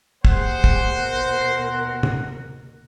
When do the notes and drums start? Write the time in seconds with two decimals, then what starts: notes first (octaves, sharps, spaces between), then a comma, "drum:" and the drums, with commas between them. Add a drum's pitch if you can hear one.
0.25 A#3 G4 G#4 C5 F#5, drum: kick
0.64 drum: kick
0.97 D#2 B2 A#4
2.03 drum: tom